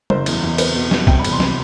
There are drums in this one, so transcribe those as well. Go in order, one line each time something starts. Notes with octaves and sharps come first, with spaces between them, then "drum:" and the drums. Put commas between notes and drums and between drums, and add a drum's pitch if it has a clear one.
F#1 C5, drum: tom
E2, drum: cymbal
E2
C4 B4, drum: cymbal
B2
G3, drum: snare
C3 G5, drum: kick
B5
E2, drum: cymbal
C6
C3 B5, drum: snare